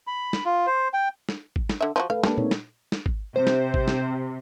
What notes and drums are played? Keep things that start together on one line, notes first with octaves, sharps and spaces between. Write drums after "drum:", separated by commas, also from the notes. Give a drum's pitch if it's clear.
B5
drum: snare
F4
C5
G5
drum: snare
drum: kick G#1
drum: snare
D3 E5
F3 E4 F#4
A3 A4 B4 F5
G3 G#3 A#3 D4, drum: snare
C4 D#4 C#5, drum: tom
drum: snare
drum: snare
drum: kick G#1
C3 C5
drum: snare
drum: kick G#1
drum: snare